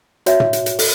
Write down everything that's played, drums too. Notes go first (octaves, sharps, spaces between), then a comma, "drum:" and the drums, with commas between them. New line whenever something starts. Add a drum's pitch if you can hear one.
F#4 C#5 E5, drum: hi-hat
drum: tom
drum: hi-hat
drum: hi-hat
A4, drum: open hi-hat